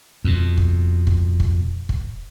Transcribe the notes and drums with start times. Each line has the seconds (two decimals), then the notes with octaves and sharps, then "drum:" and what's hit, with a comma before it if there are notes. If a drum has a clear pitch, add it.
0.24 F2 B2
0.57 drum: kick
1.07 drum: kick
1.40 drum: kick
1.89 drum: kick